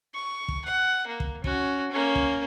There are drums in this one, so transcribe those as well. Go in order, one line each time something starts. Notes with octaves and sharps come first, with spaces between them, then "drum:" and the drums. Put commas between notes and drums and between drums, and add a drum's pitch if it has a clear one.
C#6
drum: kick
F#5
A#3
drum: kick
C#4 F#4, drum: kick
A#3 C#4
drum: kick